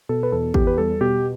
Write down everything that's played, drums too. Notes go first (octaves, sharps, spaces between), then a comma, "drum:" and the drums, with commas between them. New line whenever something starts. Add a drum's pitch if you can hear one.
B2 A4
B4
E2 A4
E2 G4, drum: kick
B4
G3 A4
B2 G4